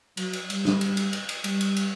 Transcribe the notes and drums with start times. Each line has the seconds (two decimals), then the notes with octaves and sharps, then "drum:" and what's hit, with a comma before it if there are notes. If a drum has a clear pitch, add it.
0.17 F#3, drum: cymbal
0.33 drum: cymbal
0.50 G3, drum: cymbal
0.65 drum: snare
0.81 drum: cymbal
0.97 drum: cymbal
1.13 drum: cymbal
1.29 drum: cymbal
1.44 G3, drum: cymbal
1.61 drum: cymbal
1.77 drum: cymbal